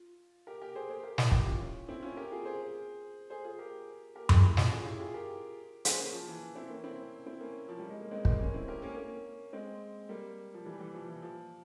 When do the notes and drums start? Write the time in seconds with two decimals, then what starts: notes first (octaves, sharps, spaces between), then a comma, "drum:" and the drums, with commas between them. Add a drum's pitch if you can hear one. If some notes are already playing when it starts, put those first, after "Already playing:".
Already playing: F4
0.47 G4 A#4
0.62 G4 A#4
0.75 G#4 C5
0.90 G#4 C5
1.03 G4 A#4
1.18 E4 G4, drum: snare
1.32 E4 G4, drum: kick
1.46 C#4 F4
1.88 C4 E4
2.03 C#4 F4
2.17 G4 A#4
2.31 F4 G#4
2.45 G#4 C5
3.30 G#4 C5
3.44 F4 G#4
3.59 G4 A#4
4.15 G4 A#4
4.29 F4 G#4, drum: tom F#2
4.43 E4 G4
4.57 C#4 F4, drum: snare
4.71 F4 G#4
4.86 E4 G4
5.00 F4 G#4
5.14 G4 A#4
5.85 G#4 C5, drum: hi-hat
5.99 A#3 C#4
6.13 F3
6.28 E3
6.55 C4 E4
6.70 A#3 C#4
6.84 C4 E4
7.26 C4 E4
7.40 A#3 C#4
7.69 F3
7.79 G3
7.90 G#3
8.00 A#3
8.11 G#3 C4
8.25 G3 A#3, drum: kick
8.40 A#3 C#4
8.54 C4 E4
8.68 G4 A#4
8.82 A#3 C#4
8.96 A#3 C#4
9.53 G#3 C4
10.09 G3 A#3
10.54 F3
10.66 E3 G3
10.80 E3 G3
10.94 F3
11.08 E3
11.22 F3